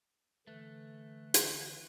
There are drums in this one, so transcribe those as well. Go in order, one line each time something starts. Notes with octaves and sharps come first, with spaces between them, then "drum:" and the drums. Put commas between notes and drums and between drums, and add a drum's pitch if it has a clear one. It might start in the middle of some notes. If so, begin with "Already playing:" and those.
D3 E3 A3 F#6
drum: hi-hat